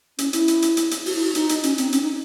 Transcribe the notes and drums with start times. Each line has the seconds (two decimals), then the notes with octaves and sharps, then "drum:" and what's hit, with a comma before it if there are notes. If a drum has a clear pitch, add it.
0.18 C#4, drum: hi-hat
0.33 E4, drum: hi-hat
0.48 drum: hi-hat
0.62 drum: hi-hat
0.77 drum: hi-hat
0.91 drum: hi-hat
1.06 F#4, drum: open hi-hat
1.15 E4
1.25 F#4
1.35 D#4, drum: hi-hat
1.49 drum: hi-hat
1.63 C#4, drum: hi-hat
1.78 C4, drum: hi-hat
1.93 C#4, drum: hi-hat
2.02 D#4